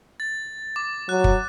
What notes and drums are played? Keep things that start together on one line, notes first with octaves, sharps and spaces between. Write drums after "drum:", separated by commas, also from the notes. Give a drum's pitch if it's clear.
A6
D6
F#3 F#6
drum: kick